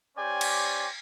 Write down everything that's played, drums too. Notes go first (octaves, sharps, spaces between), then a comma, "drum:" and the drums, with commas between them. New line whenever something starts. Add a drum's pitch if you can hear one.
C#4 G4 C5 D5 G5 G#5
drum: cymbal